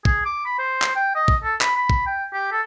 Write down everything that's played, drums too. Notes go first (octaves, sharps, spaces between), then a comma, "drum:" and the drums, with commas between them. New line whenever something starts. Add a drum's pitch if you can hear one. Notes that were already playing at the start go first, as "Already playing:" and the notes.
G#4, drum: kick
D6
B5
C5
drum: clap
G5
D#5
drum: kick
A4
B5, drum: clap
B5
drum: kick
G5
G4
A4